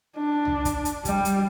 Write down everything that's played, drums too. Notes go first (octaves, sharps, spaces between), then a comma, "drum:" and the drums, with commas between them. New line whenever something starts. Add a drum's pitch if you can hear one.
D4
drum: tom C2
drum: kick, hi-hat
drum: hi-hat
G3, drum: kick, hi-hat
drum: hi-hat